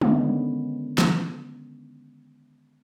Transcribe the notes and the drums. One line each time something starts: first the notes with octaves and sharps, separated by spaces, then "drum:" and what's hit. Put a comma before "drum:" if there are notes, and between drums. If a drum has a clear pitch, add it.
D3 D#3 G#3 B3 C#4, drum: tom
drum: snare